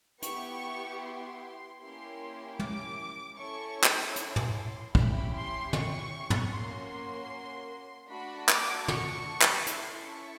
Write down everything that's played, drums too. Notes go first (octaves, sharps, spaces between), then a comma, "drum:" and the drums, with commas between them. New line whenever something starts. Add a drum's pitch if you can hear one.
B3 E4 G4 C#6, drum: hi-hat
C6
A#3 C#4 E4 G4 C6
D6, drum: tom
C#4 E4 A4 C#6
drum: clap
C6, drum: hi-hat
drum: tom
C#4 E4 G4 B5, drum: kick
C6
C#6, drum: tom
drum: tom
A#3 C#4 F#4 C6
A3 D4 F#4 B5
D6, drum: clap
C#6, drum: tom
drum: clap
C#4 E4 A4 C6, drum: hi-hat
C#6